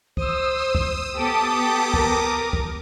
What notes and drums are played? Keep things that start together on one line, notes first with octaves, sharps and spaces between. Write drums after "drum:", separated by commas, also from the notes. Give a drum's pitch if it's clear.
C5 D#6 E6, drum: kick
drum: kick
B3 G4 A4 D6 D#6
A#4, drum: kick
drum: kick